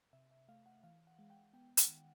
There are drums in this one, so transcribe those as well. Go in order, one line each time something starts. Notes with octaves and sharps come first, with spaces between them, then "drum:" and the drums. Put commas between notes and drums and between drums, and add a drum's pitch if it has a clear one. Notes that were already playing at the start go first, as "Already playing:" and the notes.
C3 E5
E5
A3 F5
F#5
E3 F5
F#5
G#3
G5
B3 G5
F#5, drum: hi-hat
D#3